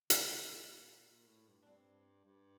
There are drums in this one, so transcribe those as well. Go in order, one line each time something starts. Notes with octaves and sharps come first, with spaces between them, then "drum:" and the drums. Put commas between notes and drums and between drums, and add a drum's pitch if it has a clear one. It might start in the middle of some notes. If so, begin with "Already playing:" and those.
D3, drum: hi-hat
C3
A3
A#2 A#3
A#2
A2
G2
D4
G2 C4
G2